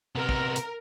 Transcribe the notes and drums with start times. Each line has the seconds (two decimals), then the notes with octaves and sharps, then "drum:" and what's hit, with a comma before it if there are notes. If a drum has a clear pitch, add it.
0.15 C3 B3 A#4
0.29 drum: kick
0.56 drum: hi-hat